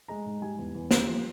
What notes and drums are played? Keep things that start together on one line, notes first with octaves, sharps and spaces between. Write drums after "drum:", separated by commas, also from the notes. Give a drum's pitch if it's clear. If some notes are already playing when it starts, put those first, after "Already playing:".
G#3 A#5
G#2
G3 G#5
E2
E2
G3, drum: snare
F3